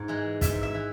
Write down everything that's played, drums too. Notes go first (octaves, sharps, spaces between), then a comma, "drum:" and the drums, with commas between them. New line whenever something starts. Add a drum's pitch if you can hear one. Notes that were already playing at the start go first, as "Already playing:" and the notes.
Already playing: G#2
E3 G#3
G#2 E5, drum: kick, hi-hat
E5
E3